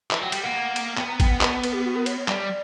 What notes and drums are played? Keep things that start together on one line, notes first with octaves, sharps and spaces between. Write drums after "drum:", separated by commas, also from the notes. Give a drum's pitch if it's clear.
E3 E5, drum: clap
F#3 G5
G3 G5, drum: cymbal
A#3 F#5
drum: cymbal
B3 G5, drum: clap
A#5
G5, drum: kick G#1, cymbal
F#5
B4, drum: clap
B4, drum: cymbal
G4
F#4
A#4
C#5, drum: cymbal
C#5
G3 D5, drum: clap